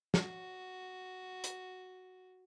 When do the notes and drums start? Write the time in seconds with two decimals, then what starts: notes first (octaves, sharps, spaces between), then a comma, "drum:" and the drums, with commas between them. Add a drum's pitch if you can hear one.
0.14 F#4, drum: snare
1.44 drum: hi-hat